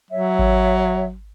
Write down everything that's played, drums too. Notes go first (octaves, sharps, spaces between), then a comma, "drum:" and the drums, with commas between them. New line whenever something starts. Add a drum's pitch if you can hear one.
F#3 C#5 E5
drum: kick G#1